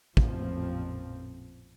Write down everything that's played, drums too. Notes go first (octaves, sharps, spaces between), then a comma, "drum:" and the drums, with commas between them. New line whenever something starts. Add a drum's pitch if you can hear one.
A1 F2 A#2 F3 C4, drum: kick